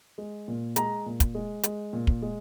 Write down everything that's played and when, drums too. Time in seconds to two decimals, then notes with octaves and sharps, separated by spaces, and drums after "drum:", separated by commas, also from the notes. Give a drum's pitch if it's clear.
0.18 G#3
0.48 A#2
0.76 G#3 A#5, drum: hi-hat
1.06 A#2
1.20 drum: kick, hi-hat
1.35 G#3
1.63 G#3, drum: hi-hat
1.93 A#2
2.07 drum: kick
2.22 G#3